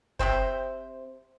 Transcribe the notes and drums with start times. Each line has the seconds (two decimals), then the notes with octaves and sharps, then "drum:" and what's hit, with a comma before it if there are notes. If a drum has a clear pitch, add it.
0.19 C3 F#3 C4 C5, drum: kick F#1